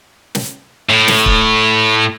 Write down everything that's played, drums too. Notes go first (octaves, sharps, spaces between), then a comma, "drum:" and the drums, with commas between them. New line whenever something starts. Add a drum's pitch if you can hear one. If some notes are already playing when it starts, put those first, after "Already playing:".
drum: snare
A2
drum: snare
drum: kick